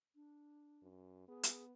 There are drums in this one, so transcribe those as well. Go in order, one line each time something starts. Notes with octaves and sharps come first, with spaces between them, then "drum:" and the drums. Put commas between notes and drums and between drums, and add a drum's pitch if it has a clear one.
D4
F#2
B3 G#4
drum: hi-hat